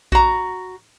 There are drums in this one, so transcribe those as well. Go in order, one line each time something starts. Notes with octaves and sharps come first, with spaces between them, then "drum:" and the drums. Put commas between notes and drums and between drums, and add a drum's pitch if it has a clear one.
F#4 A#5, drum: kick A#1